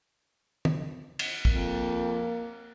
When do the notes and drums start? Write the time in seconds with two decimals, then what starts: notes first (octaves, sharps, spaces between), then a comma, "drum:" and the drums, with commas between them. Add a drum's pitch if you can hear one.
0.65 drum: tom
1.19 drum: cymbal
1.45 F2 A#3, drum: kick